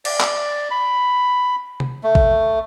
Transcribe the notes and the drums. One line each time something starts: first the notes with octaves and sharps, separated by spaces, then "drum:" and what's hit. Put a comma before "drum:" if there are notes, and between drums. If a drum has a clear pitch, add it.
D5, drum: cymbal
drum: clap
B5
drum: tom
A3
drum: kick A1